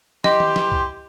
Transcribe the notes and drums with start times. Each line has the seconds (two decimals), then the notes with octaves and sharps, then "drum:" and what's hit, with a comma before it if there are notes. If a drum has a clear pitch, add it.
0.24 E3 G4 D#5 C6, drum: snare
0.40 drum: tom D#3
0.56 drum: snare
0.72 drum: kick C2